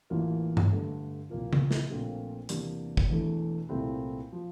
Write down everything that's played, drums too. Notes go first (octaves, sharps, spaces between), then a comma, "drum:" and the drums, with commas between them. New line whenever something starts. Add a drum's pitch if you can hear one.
A1 A2 E3 A#3 F4
drum: tom G2
G2 D3 A3
C2 A#2 F3 A#3 F4
drum: tom C#3
drum: snare
A#1 A#2 A3 C4 F4
E2 C3 G3 A#3 D4, drum: hi-hat
drum: kick
E1 E2 E3 A3
C2 A#2 A3 C4 E4
F3